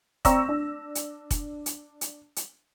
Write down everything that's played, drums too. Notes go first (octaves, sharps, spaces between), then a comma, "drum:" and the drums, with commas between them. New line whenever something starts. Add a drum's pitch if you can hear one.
C4 D5 A#5 C#6 E6 A#6, drum: kick F1, hi-hat
D4
drum: hi-hat
drum: kick F1, hi-hat
drum: hi-hat
drum: hi-hat
drum: hi-hat